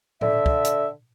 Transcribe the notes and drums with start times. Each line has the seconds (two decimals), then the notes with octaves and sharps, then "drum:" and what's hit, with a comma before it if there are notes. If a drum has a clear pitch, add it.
0.21 D3 E5, drum: tom A2
0.46 drum: kick
0.64 drum: hi-hat